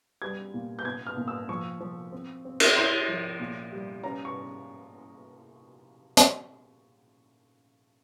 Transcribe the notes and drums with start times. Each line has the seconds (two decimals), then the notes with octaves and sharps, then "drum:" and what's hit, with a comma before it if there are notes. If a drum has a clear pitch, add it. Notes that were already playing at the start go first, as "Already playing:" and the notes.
0.22 G3 G#6
0.54 A#2
0.79 G6
0.85 A#2 G#6
1.07 F6
1.17 A#2
1.28 E6
1.49 F3 C#6
1.80 F3
2.12 C4
2.45 C4
2.60 drum: cymbal
2.76 E4 C6
3.08 F3
3.40 A#2
3.72 G3
4.03 C#4 A#5
4.25 C#6
6.17 drum: hi-hat